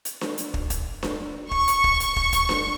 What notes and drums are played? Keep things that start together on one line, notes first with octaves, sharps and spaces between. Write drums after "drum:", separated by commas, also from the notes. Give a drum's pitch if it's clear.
drum: hi-hat
drum: snare D4
drum: hi-hat
drum: kick
drum: kick, hi-hat
drum: snare D4
C#6, drum: kick
drum: hi-hat
drum: kick
drum: hi-hat
drum: kick
drum: kick, hi-hat
drum: snare D4